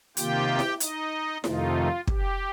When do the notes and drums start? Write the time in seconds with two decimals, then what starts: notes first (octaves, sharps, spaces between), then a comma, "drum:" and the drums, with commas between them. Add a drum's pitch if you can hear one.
0.17 C3 D#3 A#3 F4 G4 G5, drum: hi-hat
0.59 drum: snare E4
0.80 D#4 D#5, drum: hi-hat
1.44 F2 C3 D#3 A3 D#4 F4, drum: snare E4
2.07 G4, drum: kick